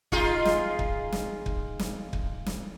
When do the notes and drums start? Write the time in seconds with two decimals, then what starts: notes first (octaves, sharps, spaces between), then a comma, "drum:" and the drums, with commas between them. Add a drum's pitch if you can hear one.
0.12 D#4 F4 G#4, drum: kick
0.45 drum: snare
0.79 drum: kick
1.12 drum: snare
1.46 drum: kick
1.79 drum: snare
2.13 drum: kick
2.46 drum: snare